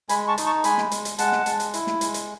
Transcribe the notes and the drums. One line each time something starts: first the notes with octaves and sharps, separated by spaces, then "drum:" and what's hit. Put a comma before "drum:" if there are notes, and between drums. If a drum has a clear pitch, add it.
G#3 G#5 B5, drum: hi-hat
A5 C#6
D#4, drum: hi-hat
A5 C#6
G#3 G#5 B5, drum: hi-hat
drum: snare
G#3, drum: hi-hat
drum: hi-hat
G#3 F#5 A5, drum: hi-hat
drum: snare
G#3, drum: hi-hat
drum: hi-hat
E4, drum: hi-hat
drum: snare
G#3, drum: hi-hat
drum: hi-hat